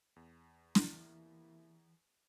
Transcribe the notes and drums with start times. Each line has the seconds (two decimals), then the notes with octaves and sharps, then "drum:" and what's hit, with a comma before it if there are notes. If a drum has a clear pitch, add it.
0.16 E2
0.75 C3 E3 A#3 E4, drum: snare